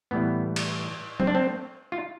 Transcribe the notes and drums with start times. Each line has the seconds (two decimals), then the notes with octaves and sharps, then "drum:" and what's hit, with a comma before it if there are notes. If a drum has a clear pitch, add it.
0.11 A2 E3 G3 B3
0.56 drum: cymbal
1.20 C4, drum: tom F#3
1.27 D4
1.35 C4
1.92 F4